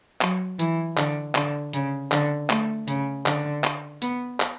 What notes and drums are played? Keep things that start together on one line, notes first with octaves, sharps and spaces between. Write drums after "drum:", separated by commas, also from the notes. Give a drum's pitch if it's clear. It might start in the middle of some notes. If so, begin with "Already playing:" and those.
F#3, drum: clap
E3, drum: hi-hat
D3, drum: clap
D3, drum: clap
C#3, drum: hi-hat
D3, drum: clap
A3, drum: clap
C#3, drum: hi-hat
D3, drum: clap
drum: clap
B3, drum: hi-hat
drum: clap